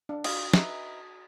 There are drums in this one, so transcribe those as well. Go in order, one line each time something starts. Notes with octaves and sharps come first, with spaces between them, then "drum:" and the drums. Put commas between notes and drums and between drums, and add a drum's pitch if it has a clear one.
D4
F4 F#4 D5 F5 D#6, drum: cymbal
D#4 B4 E5, drum: snare